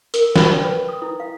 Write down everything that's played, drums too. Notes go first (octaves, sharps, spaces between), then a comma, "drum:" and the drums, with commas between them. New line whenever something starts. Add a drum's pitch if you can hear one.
A#4, drum: hi-hat
B5, drum: snare
G5
B4
D#6
E4
F5